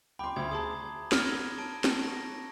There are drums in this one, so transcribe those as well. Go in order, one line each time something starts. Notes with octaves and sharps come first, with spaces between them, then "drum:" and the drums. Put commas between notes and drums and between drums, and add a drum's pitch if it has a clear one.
G5 B5 C6 D6
D2 D#6 G#6
G#4 A5 A#5 C6 D#6
F6 G#6 A#6 G7, drum: snare
A5 D7
drum: snare
C#6 A#6